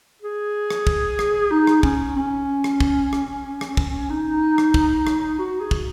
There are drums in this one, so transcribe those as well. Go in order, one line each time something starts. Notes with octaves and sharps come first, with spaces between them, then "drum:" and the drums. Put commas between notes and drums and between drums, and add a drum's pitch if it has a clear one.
G#4
drum: rim click
drum: kick
drum: rim click
D#4
drum: rim click
C#4, drum: kick
C#4
drum: rim click
drum: kick
drum: rim click
drum: rim click
drum: kick
D#4
drum: rim click
drum: kick
drum: rim click
F#4
G#4
drum: kick